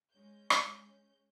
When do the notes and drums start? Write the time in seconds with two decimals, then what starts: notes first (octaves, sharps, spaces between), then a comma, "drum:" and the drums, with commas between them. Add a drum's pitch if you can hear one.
0.11 G#3 C#4 G6
0.50 drum: rim click